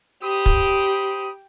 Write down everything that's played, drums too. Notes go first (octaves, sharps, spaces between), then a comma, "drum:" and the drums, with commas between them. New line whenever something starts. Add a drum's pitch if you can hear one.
G4 C5 B5 D#6
drum: kick